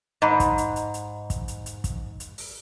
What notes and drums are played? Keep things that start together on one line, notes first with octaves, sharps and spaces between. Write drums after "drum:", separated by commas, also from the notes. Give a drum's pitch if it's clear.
G#2 D#5 A#5 B5
drum: kick, hi-hat
drum: hi-hat
drum: hi-hat
drum: hi-hat
drum: kick, hi-hat
drum: hi-hat
drum: hi-hat
drum: kick, hi-hat
drum: hi-hat
drum: open hi-hat